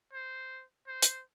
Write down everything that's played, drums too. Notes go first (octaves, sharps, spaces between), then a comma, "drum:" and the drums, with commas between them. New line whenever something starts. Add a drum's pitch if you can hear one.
C5
C5
drum: hi-hat